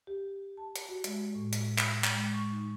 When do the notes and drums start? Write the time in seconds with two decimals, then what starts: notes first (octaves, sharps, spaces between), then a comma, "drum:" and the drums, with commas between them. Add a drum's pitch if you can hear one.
0.07 G4
0.57 A5
0.76 drum: hi-hat
0.89 F#4
1.04 G#3, drum: hi-hat
1.35 A2
1.53 drum: hi-hat
1.78 B5, drum: clap
2.04 drum: clap
2.13 G#3
2.34 C#6
2.52 D#4